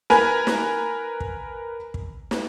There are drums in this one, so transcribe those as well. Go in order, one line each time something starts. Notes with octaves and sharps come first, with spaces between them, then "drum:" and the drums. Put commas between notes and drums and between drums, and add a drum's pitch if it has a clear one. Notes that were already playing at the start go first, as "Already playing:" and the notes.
A#4 B4 G#5, drum: snare
drum: snare
drum: kick
drum: kick
drum: snare